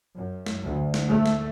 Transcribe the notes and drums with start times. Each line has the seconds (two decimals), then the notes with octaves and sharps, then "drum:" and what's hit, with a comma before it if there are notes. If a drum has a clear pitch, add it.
0.15 F#2
0.46 drum: snare
0.65 D2
0.94 drum: snare
1.10 A3
1.26 drum: snare